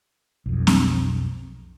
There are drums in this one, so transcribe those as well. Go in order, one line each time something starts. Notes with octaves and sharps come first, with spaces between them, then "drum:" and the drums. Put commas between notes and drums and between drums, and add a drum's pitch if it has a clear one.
B1 F2
drum: snare C4